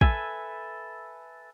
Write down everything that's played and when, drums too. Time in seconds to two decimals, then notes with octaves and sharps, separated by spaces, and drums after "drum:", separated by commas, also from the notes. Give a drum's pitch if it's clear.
0.01 A4 B4 E5 G#5, drum: kick